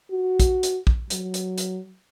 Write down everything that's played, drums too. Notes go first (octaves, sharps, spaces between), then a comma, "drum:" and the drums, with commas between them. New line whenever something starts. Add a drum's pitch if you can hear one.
F#4
drum: kick, hi-hat
drum: hi-hat
drum: kick
F#3, drum: hi-hat
drum: hi-hat
drum: hi-hat